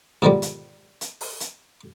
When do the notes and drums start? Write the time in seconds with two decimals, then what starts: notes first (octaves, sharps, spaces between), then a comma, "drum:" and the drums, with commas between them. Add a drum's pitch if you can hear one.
0.22 G#2 B2 D3 D#3 F3 G3
0.42 drum: hi-hat
1.01 drum: hi-hat
1.21 drum: open hi-hat
1.40 drum: hi-hat